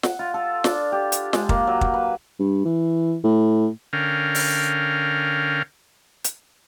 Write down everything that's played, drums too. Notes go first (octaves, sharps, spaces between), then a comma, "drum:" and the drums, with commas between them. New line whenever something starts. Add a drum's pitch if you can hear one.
F#5, drum: snare
F4
A4
D4, drum: snare
G4
drum: hi-hat
G#3, drum: snare
A#3, drum: kick
F#3
drum: kick
B4
G2
E3
A2
D3 C#4 A#4 F5 G5
drum: open hi-hat
drum: hi-hat